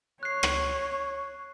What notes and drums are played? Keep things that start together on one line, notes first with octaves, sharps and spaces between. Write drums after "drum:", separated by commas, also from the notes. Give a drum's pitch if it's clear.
C#5 F#6 C7
drum: rim click